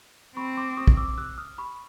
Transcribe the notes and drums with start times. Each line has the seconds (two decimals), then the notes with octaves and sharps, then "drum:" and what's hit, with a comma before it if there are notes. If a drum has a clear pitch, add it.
0.36 C4 B5 C#6
0.57 C6 D6
0.77 C#6 D#6
0.88 drum: kick
0.97 D6 E6
1.18 E6 F#6
1.38 D#6 F6
1.58 B5 C#6